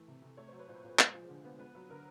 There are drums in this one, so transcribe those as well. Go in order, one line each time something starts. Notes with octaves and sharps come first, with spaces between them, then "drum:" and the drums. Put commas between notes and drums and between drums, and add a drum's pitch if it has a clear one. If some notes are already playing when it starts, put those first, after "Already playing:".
Already playing: E3 A3
C3
C3
A3 C#5
F#3 C5
B4
A#2 C5
A#2
G#3, drum: clap
F3
D3
B3
B3 B4
F#3
D3 A#4